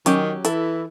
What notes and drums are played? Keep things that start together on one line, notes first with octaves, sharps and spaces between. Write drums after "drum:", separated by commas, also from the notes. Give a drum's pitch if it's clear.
D#3 F#3 C#4 G4, drum: hi-hat
E3 E4 A4, drum: hi-hat